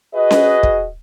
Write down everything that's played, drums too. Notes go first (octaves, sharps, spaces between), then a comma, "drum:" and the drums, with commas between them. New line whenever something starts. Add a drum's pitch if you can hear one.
F#4 G#4 B4 D#5
drum: snare C#4
drum: kick